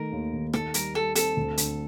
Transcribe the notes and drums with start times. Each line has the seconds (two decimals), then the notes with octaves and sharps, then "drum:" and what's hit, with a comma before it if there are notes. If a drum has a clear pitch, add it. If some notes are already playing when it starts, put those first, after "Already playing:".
Already playing: D#3 A3 A#4
0.12 D#2
0.33 D#3
0.53 D#3 A4, drum: rim click
0.74 G3 A#4, drum: hi-hat
0.95 G3 A4
1.15 C4 A4, drum: hi-hat
1.37 D2
1.57 D3, drum: hi-hat